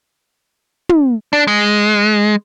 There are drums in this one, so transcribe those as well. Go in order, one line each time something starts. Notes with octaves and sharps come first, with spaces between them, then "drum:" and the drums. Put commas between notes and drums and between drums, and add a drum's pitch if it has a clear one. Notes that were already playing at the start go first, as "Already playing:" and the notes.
drum: tom
D4
G#3